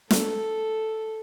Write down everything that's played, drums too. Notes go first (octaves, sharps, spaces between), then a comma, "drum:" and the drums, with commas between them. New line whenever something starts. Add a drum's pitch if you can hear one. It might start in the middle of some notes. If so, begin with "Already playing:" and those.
A4, drum: snare